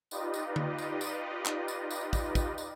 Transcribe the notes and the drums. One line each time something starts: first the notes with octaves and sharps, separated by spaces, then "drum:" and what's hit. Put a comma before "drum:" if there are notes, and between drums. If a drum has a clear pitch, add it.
D#4 F4 G4 B4 D5 D#5, drum: tambourine
drum: tambourine
drum: tom D3
drum: tambourine
drum: tambourine
drum: clap
drum: tambourine
drum: tambourine
drum: kick, tambourine
drum: kick, tambourine
drum: tambourine